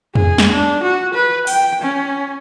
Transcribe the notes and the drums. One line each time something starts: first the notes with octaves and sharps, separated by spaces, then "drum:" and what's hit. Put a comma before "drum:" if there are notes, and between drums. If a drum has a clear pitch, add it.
G#4, drum: tom
drum: snare
D4
F#4
B4
G5, drum: open hi-hat
C#4